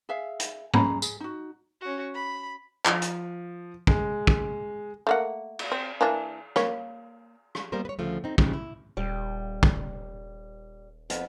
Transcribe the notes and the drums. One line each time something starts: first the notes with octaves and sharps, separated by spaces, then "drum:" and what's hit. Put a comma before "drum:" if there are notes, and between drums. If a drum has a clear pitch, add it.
G#4 E5 F5
drum: hi-hat
C#4 G#4 A#5 B5, drum: tom G#2
G#4, drum: tambourine
D#4 F#4
C#4 F#4
B5
F3, drum: clap
drum: hi-hat
G#3, drum: kick
drum: kick
A3 A#3 F#5
drum: cymbal
C4
E3 A#3 D4
A#3 C#5, drum: rim click
drum: rim click
G3 A#3 B3 A#4 C5
B4 C#5
D2 C#3 F3 A3
C4 D#4
A#2 C#3 F3 G#3 D#4 G4, drum: kick
E4
D#1 G3
drum: kick
F2 B3, drum: hi-hat